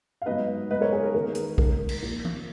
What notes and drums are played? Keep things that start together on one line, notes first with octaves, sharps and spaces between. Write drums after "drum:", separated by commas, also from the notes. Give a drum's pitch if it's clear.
F5
G#2 F#3 B3 D#4 B4 D#5
G#2 F#3 B3 D#4 B4 D#5
A#4 C#5
G#4 B4
A#4
D#2 D#3 G#3 B3 A#4
drum: hi-hat
C#3 G#3 D#4 A#4, drum: kick
drum: cymbal
A#2 F3 A#3
drum: tom E3